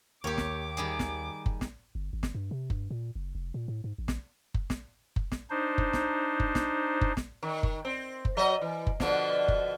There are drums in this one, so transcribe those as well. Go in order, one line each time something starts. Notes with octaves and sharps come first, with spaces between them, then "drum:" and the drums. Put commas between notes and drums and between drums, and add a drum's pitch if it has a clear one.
D#2 G4 C#5 D6
drum: snare
D#3 G3 G#4
drum: snare
drum: kick F#1
drum: snare
G1
G#1
drum: snare
G2
C3
G2, drum: kick F#1
A#2
F#1
F1
A#2
A2
G#2
A1
drum: snare
drum: kick F#1
drum: snare
drum: kick F#1
drum: snare
D4 D#4 C5
drum: kick F#1
drum: snare
drum: kick F#1
drum: snare
drum: kick F#1
drum: snare
D#3
drum: kick F#1
C4
drum: kick F#1
F#3 D#5 E5
E3
drum: kick F#1
B2 D3 F3, drum: snare
drum: kick F#1